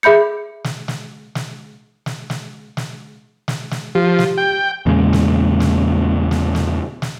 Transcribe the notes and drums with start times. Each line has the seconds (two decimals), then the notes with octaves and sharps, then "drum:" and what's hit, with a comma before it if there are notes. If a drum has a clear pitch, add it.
0.03 G#4 E5 B5 G6 C#7
0.64 drum: snare
0.88 drum: snare
1.35 drum: snare
2.06 drum: snare
2.30 drum: snare
2.77 drum: snare
3.48 drum: snare
3.71 drum: snare
3.95 F3 G4
4.19 drum: snare
4.38 G5
4.86 E2 A#2 C#3 G#3
5.13 drum: snare
5.60 drum: snare
6.31 drum: snare
6.55 drum: snare
7.02 drum: snare